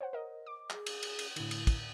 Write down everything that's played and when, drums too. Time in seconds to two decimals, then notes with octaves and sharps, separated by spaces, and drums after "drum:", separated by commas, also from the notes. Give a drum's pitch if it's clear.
0.01 C5 C#5 F#5
0.13 A#4 D#5
0.46 D6
0.70 G#4, drum: clap
0.86 drum: cymbal
1.03 drum: cymbal
1.19 drum: cymbal
1.36 A2 D3 E4, drum: cymbal
1.51 drum: cymbal
1.67 drum: kick, cymbal